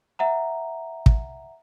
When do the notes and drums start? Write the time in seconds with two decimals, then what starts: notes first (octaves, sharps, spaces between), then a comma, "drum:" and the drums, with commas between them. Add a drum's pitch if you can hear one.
0.19 E5 F#5 A#5
1.06 drum: kick